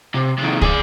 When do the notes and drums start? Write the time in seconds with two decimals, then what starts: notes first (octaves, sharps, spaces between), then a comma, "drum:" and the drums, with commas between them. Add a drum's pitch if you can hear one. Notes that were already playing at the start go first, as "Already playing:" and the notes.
0.14 C3
0.38 C3 D#3
0.62 G#4 D5, drum: kick